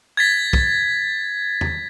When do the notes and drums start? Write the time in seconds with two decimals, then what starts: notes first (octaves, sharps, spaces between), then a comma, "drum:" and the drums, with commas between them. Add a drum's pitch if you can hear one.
0.17 G#6 A6 B6
0.53 drum: kick
1.61 drum: tom E2